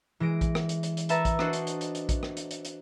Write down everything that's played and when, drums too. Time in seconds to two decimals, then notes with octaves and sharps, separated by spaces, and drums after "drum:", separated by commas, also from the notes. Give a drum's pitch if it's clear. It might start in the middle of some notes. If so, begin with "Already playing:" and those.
0.20 E3 G#3 A#6 D7
0.41 drum: kick A#1, hi-hat
0.55 drum: rim click
0.69 drum: hi-hat
0.83 drum: hi-hat
0.97 drum: hi-hat
1.09 A4 B4 E5 A5 A#5, drum: hi-hat
1.25 drum: kick A#1, hi-hat
1.39 D4 F#4 A4 C5 D#5 F#5, drum: rim click
1.53 drum: hi-hat
1.67 drum: hi-hat
1.81 drum: hi-hat
1.95 drum: hi-hat
2.09 drum: kick A#1, hi-hat
2.23 drum: rim click
2.37 drum: hi-hat
2.51 drum: hi-hat
2.65 drum: hi-hat